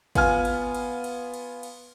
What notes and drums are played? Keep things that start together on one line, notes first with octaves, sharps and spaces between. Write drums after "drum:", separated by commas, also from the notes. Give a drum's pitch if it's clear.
B3 F4 G#5 F6, drum: kick, cymbal
drum: cymbal
drum: cymbal
drum: cymbal
drum: cymbal
drum: cymbal